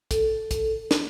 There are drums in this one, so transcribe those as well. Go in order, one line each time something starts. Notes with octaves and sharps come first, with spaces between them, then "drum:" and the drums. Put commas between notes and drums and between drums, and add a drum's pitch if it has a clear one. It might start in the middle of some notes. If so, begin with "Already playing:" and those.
A4, drum: kick, hi-hat
drum: kick, hi-hat
drum: snare